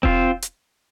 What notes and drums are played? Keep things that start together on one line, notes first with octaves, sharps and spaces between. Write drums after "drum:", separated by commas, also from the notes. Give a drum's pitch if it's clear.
C4 F4 C5, drum: kick E1
drum: hi-hat